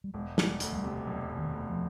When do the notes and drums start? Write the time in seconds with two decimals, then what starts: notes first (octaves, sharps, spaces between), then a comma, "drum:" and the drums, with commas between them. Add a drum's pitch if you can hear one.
0.04 G3
0.14 E1 G#3
0.38 E1, drum: snare
0.46 G#3
0.60 D2, drum: hi-hat
0.72 F#3
0.77 G3
0.84 C3
1.07 E1 F#3
1.31 E1
1.38 D#3
1.53 D2
1.69 F3